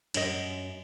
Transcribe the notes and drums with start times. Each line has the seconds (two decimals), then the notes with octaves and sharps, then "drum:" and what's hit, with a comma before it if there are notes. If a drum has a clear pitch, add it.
0.14 F#2 D#5, drum: cymbal